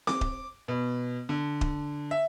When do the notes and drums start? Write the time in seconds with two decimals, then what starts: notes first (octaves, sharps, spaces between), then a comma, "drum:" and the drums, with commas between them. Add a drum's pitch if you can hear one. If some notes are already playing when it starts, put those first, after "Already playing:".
0.07 D6, drum: snare C4
0.21 drum: kick D#1
0.68 B2
1.29 D3
1.61 drum: kick D#1
2.11 E5